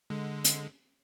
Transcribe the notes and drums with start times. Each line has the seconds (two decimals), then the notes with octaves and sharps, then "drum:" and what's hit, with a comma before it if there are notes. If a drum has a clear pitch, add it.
0.10 D3 G#3
0.44 drum: hi-hat